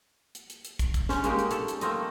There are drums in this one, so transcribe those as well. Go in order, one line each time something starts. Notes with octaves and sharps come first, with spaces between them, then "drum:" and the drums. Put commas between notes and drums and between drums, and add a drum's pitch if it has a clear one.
drum: hi-hat
drum: hi-hat
drum: hi-hat
drum: kick, hi-hat
drum: kick, hi-hat
C#4 C5, drum: snare
G#3 A#3 D#4 G4, drum: hi-hat
drum: hi-hat
A4 C#5, drum: hi-hat
drum: hi-hat
A3 A#3 C4 D#5, drum: hi-hat